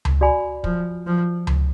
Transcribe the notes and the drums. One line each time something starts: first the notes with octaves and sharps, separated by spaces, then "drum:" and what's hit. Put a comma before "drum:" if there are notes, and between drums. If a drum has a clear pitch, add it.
drum: tom C#2
F#4 D5 G#5 B5
F3, drum: kick
F3
drum: tom C#2